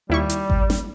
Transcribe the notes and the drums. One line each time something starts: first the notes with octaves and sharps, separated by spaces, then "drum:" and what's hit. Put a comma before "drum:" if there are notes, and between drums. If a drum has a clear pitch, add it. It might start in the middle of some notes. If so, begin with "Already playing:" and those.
D#2 G3 E4 C#6
drum: hi-hat
drum: kick G#1
drum: snare